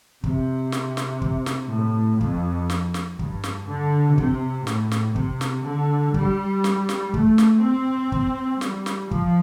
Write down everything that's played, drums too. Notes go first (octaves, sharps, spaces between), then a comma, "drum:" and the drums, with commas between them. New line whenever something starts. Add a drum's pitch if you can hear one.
C3, drum: kick
drum: snare
drum: snare
drum: kick
drum: snare
A2
F2, drum: kick
drum: snare
drum: snare
G2, drum: kick
drum: snare
D3
C3, drum: kick
A2, drum: snare
drum: snare
C3, drum: kick
drum: snare
D3
G3, drum: kick
drum: snare
drum: snare
A3, drum: kick
drum: snare
C4
drum: kick
G3, drum: snare
drum: snare
F3, drum: kick